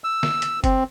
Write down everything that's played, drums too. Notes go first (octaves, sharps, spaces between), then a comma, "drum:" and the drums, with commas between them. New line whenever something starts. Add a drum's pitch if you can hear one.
E6
drum: snare
drum: hi-hat
C4, drum: kick F#1, hi-hat